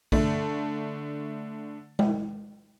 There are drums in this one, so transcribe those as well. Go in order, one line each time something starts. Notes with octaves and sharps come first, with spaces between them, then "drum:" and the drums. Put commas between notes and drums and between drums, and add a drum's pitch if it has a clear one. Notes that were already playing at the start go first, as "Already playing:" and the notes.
D3 A3, drum: kick
drum: tom G#3